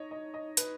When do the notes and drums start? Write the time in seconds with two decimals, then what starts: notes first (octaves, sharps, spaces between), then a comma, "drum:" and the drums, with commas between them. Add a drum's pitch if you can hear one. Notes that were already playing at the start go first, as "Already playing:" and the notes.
Already playing: D#4 C#5 D#5
0.11 D#5
0.34 D#5
0.57 B4, drum: hi-hat